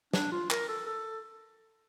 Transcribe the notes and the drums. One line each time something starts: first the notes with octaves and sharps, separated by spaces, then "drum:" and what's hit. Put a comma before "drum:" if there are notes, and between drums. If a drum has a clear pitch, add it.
D4, drum: snare
F4
A#4, drum: clap
A4
A4